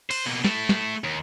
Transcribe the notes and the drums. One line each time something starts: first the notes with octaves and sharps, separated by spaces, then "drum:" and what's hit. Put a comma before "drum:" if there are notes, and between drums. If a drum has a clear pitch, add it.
C5, drum: cymbal
B2 A#3
A3 E4, drum: snare
drum: snare
D#2